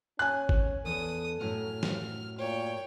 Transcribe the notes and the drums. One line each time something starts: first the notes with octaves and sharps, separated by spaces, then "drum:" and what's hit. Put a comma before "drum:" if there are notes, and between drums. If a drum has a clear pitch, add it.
C#4 G#5 F#6
drum: kick G#1
E2 A4 D#6
F#2 A2 F#3 F6
drum: snare
A#2 C#5 G5